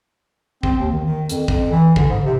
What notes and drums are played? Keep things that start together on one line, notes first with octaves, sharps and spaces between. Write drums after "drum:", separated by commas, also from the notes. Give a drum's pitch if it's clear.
C4, drum: kick
D#2
D#3
D#3
F2, drum: hi-hat
F2, drum: kick
E3
D3, drum: kick
G#2
C3